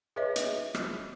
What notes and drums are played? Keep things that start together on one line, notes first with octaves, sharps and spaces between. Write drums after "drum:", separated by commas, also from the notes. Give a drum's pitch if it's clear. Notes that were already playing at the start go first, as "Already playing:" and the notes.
G#4 B4 C#5 D#5 E5
drum: hi-hat
drum: rim click